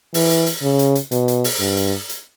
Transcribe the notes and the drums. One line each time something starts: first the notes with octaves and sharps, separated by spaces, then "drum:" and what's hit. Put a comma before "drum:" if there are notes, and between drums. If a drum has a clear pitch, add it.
E3, drum: open hi-hat
drum: hi-hat
drum: hi-hat
C#3
drum: hi-hat
drum: hi-hat
B2, drum: hi-hat
drum: hi-hat
drum: open hi-hat
G2
drum: hi-hat
drum: hi-hat